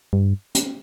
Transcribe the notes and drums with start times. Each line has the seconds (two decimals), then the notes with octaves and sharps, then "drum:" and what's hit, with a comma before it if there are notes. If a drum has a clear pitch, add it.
0.13 G2
0.55 drum: hi-hat